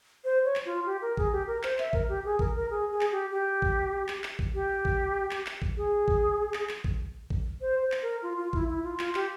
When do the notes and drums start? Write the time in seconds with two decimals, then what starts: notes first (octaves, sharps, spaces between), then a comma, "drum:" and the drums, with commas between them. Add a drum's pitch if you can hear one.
0.24 C5
0.45 C#5
0.55 drum: clap
0.65 F4
0.86 G4
1.02 A#4
1.17 G#4, drum: kick A1
1.32 G4
1.47 A#4
1.63 C5, drum: clap
1.78 E5, drum: clap
1.93 A#4, drum: kick A1
2.09 G4
2.25 G#4
2.39 A#4, drum: kick A1
2.56 A#4
2.70 G#4
2.91 G#4
3.01 drum: clap
3.12 G4
3.31 G4
3.62 drum: kick A1
4.08 drum: clap
4.24 drum: clap
4.39 drum: kick A1
4.54 G4
4.85 drum: kick A1
5.31 drum: clap
5.46 drum: clap
5.62 drum: kick A1
5.77 G#4
6.08 drum: kick A1
6.54 drum: clap
6.69 drum: clap
6.84 drum: kick A1
7.30 drum: kick A1
7.61 C5
7.82 C5
7.92 drum: clap
8.02 A#4
8.22 F4
8.38 F4
8.53 E4, drum: kick A1
8.69 E4
8.84 F4
8.99 F4, drum: clap
9.15 G4, drum: clap